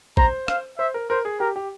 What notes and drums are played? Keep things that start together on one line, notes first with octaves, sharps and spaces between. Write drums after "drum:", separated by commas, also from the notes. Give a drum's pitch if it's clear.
C5 A#5, drum: kick
F5, drum: rim click
C5 E5
A#4
A#4 C5
G#4
G4 A#4
G4